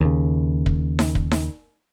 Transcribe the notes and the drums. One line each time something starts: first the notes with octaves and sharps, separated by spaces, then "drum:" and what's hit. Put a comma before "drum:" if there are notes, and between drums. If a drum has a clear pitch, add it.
D#2 C#3
drum: kick
drum: snare D#4
drum: kick
drum: snare D#4